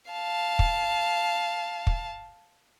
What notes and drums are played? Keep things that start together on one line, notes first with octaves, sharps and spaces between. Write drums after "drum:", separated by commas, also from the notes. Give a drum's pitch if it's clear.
F5 A5
drum: kick
drum: kick